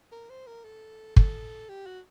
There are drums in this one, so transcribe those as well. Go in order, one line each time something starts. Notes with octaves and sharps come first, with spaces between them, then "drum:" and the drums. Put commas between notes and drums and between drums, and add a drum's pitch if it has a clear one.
A#4
C5
A#4
A4
A4, drum: kick
G4
F#4